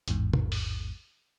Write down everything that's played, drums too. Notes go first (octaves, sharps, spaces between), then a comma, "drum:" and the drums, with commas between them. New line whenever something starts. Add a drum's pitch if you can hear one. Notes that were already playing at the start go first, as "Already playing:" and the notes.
A1 E2 G#2, drum: hi-hat
drum: tom
drum: open hi-hat